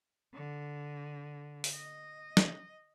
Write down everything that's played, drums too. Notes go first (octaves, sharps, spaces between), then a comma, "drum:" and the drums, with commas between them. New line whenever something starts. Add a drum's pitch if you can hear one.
D3
drum: open hi-hat
D#5
drum: snare